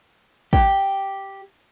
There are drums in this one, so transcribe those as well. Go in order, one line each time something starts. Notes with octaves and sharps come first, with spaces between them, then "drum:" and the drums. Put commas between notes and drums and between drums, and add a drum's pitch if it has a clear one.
G4, drum: kick